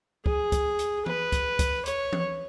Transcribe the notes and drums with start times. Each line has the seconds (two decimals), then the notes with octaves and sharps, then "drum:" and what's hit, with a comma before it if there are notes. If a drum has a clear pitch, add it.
0.26 G#4, drum: kick
0.52 drum: kick, hi-hat
0.79 drum: hi-hat
1.06 B4, drum: tom E3
1.32 drum: kick, hi-hat
1.59 drum: kick, hi-hat
1.86 C#5, drum: hi-hat
2.13 drum: tom E3